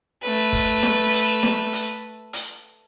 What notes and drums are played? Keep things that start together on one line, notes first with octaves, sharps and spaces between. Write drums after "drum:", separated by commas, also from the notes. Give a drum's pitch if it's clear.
A3 B4
drum: kick, open hi-hat
drum: snare
drum: hi-hat
drum: snare
drum: hi-hat
drum: hi-hat